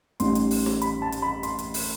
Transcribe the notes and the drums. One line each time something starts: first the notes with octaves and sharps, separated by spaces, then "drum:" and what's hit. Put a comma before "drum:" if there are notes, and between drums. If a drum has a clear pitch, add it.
A1 A2 G3 D#4 C6, drum: hi-hat
drum: hi-hat
drum: open hi-hat
drum: snare
B5, drum: hi-hat
A5
drum: hi-hat
B5
C6, drum: hi-hat
drum: hi-hat
drum: open hi-hat